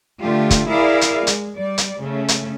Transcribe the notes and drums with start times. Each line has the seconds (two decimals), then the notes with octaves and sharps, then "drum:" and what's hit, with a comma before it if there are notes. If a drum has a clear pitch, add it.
0.20 D3 A3 F4 G4
0.50 drum: kick, hi-hat
0.70 E4 G#4 A#4 D5 F5
1.01 drum: hi-hat
1.27 G#3, drum: hi-hat
1.57 G3 D5
1.78 drum: hi-hat
2.01 C#3 A3 C#4
2.28 drum: hi-hat